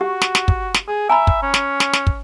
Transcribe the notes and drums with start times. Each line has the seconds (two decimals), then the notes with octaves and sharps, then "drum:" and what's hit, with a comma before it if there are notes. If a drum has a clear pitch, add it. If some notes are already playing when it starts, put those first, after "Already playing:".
0.01 F#4 G4
0.21 drum: snare
0.35 drum: snare
0.48 drum: kick
0.74 drum: snare
0.88 G#4
1.09 E5 G#5 A#5 B5
1.27 drum: kick
1.43 C#4
1.54 drum: snare
1.80 drum: snare
1.93 drum: snare
2.07 drum: kick